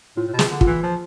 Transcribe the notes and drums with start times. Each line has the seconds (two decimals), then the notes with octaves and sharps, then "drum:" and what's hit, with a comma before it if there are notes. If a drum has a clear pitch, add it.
0.16 A2 F4
0.27 A2
0.33 B2
0.39 G#4, drum: snare
0.50 D3
0.61 F4, drum: kick
0.67 E3
0.83 F3